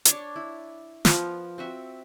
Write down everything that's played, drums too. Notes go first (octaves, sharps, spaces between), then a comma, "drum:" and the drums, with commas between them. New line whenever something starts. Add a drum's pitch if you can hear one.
D4 C#5 A5, drum: hi-hat
E4
F3 B3, drum: snare
C4 F#4 E5